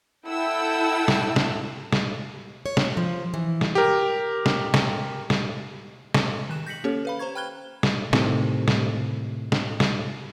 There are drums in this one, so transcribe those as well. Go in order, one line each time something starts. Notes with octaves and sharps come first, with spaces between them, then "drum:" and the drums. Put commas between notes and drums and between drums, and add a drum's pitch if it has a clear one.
E4 A4 F#5 G5 E6
drum: snare
drum: snare
drum: snare
C#5
drum: snare
F3
E3
drum: snare
G4 A#4
drum: snare
drum: snare
drum: snare
drum: snare
D#3 F#6 E7
G6 A#6 B6 C#7 F#7
A#3 C#4 G4 A4 C#5
B4 F5 B5
C5 A#5 C#6 G#6
G5 B5 F6 F#6 G#6 G7
drum: snare
A2 C3 D#3, drum: snare
drum: snare
drum: snare
drum: snare